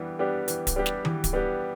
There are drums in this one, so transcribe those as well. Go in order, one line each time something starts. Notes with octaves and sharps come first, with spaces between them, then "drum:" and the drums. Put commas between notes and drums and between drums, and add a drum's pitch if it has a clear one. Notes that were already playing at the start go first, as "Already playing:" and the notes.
Already playing: E3 G3 B3 D4 G4
G3 B3 D4 G4
E3, drum: hi-hat
drum: kick D1, hi-hat
G3 B3 D4 G4
drum: snare
E3, drum: tom D#3
drum: kick D1, hi-hat
G3 B3 D4 G4